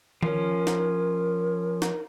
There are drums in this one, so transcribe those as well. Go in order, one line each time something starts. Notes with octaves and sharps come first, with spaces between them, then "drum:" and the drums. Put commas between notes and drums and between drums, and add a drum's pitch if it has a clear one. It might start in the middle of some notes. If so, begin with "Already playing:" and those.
F3 C#4 A#4, drum: tom D#3
drum: snare
drum: snare